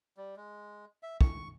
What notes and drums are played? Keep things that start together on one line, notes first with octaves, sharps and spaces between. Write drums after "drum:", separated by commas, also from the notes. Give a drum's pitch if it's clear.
G3
G#3
E5
C#6, drum: kick